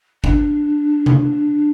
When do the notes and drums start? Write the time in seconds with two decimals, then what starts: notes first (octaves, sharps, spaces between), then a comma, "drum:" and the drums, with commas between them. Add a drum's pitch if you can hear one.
0.24 D4, drum: kick
1.06 drum: tom C3